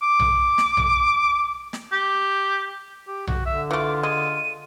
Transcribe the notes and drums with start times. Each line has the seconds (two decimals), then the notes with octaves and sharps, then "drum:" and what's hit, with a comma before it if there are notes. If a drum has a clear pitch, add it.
0.02 D6
0.19 drum: tom B1
0.58 drum: snare
0.77 drum: tom B1
1.73 drum: snare
1.92 G4
3.08 G4
3.27 F#4, drum: tom B1
3.46 D3 E5
3.71 E3 A3 F4 D6
4.03 G#3 D#7